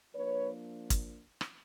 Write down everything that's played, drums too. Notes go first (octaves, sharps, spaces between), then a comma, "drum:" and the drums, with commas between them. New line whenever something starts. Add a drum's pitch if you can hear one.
F3 A#3 D4 B4 C#5
drum: kick, hi-hat
drum: rim click